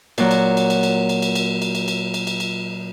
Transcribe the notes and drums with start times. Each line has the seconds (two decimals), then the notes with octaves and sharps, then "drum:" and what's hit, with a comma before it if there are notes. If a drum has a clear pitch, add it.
0.18 A#2 F#3, drum: cymbal
0.31 drum: cymbal
0.57 drum: cymbal
0.70 drum: cymbal
0.83 drum: cymbal
1.09 drum: cymbal
1.22 drum: cymbal
1.35 drum: cymbal
1.62 drum: cymbal
1.75 drum: cymbal
1.88 drum: cymbal
2.14 drum: cymbal
2.27 drum: cymbal
2.40 drum: cymbal